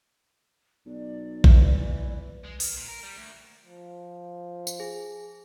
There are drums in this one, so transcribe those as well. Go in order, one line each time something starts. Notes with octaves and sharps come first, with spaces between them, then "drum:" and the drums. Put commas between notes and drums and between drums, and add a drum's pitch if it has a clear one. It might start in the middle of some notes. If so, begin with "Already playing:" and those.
B1 D5
E3, drum: kick A#1
G#3
D#3, drum: open hi-hat
A#2
A#4
G3
D2
F3
drum: tambourine
G#4